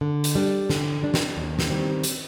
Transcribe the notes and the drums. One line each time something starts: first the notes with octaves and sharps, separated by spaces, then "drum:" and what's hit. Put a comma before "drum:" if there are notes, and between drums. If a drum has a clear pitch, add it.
D3
drum: hi-hat
G3 D4
D3, drum: snare
G3 D4
drum: snare
D#2
drum: snare
D#3 G3 C4
drum: hi-hat